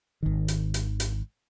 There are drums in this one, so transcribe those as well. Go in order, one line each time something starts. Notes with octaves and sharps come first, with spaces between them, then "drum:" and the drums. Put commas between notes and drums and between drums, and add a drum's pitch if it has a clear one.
G#1 D#3
drum: hi-hat
drum: hi-hat
drum: hi-hat